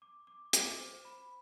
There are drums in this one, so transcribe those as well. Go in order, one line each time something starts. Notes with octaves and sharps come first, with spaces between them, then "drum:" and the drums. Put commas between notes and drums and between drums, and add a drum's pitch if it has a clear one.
D6
D6
D6, drum: hi-hat
C5
B5